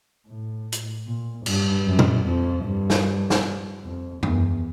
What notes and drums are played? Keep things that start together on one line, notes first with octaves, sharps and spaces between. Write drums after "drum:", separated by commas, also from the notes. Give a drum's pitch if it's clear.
A2
drum: hi-hat
A#2
G2, drum: cymbal
F#2
drum: tom A#2
F2
G2
drum: snare
drum: snare
F2
E2, drum: tom F#2